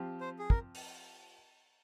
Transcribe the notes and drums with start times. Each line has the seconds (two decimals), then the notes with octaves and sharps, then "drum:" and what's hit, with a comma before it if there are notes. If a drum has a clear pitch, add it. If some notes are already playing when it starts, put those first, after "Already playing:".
Already playing: F3 C4 G4
0.20 C5
0.39 G#4
0.50 A#4, drum: kick
0.75 drum: open hi-hat